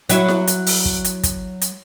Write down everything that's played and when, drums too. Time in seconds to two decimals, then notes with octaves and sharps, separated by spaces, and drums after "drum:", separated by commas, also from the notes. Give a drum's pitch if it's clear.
0.09 F#3 E4, drum: hi-hat
0.28 drum: snare E4
0.47 drum: hi-hat
0.66 drum: open hi-hat
0.85 drum: kick
1.04 drum: hi-hat
1.23 drum: kick, hi-hat
1.61 drum: hi-hat